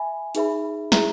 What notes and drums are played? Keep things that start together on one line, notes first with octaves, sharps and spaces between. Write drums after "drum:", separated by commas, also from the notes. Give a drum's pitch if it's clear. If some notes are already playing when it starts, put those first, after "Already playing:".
Already playing: E5 G#5 B5
D#4 G#4 B4 E5 B5, drum: hi-hat
E4 G#4 B4 E5 A#5, drum: snare